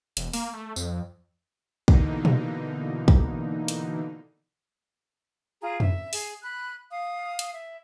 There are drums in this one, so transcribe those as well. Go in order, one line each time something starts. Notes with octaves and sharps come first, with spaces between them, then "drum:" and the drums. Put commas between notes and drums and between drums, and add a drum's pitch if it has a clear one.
E1, drum: hi-hat
A#3, drum: open hi-hat
A3
F2, drum: tambourine
B2 D3 E3 A#3 D#4, drum: kick
drum: tom A#2
drum: kick
drum: hi-hat
F4 G#4 A#5
E5, drum: tom F2
G#4, drum: open hi-hat
B5 F#6
F5 D#6
drum: hi-hat
E5